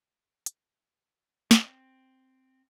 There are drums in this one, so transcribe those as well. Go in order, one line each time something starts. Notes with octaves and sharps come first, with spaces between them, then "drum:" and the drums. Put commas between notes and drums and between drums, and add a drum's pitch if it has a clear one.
drum: hi-hat
C4, drum: snare